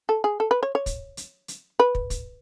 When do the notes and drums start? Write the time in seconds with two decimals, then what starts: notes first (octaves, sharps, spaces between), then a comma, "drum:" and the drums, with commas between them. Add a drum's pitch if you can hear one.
0.09 A4
0.24 G#4
0.40 A4
0.51 B4
0.63 C#5
0.75 C#5
0.86 drum: kick, hi-hat
1.17 drum: hi-hat
1.48 drum: hi-hat
1.80 B4
1.95 drum: kick
2.10 drum: kick, hi-hat